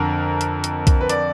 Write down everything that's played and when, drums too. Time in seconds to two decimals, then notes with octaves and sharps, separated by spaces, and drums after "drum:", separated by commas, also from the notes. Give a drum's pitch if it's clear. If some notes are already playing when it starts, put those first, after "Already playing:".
Already playing: F2 D3 A#4
0.41 drum: hi-hat
0.64 drum: hi-hat
0.87 drum: kick B1, hi-hat
1.01 B4
1.09 D5, drum: hi-hat